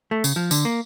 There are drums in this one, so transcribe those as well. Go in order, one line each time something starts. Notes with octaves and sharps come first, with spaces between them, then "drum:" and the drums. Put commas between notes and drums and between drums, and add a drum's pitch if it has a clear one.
A3
C#3, drum: tambourine
F3
D3, drum: tambourine
A#3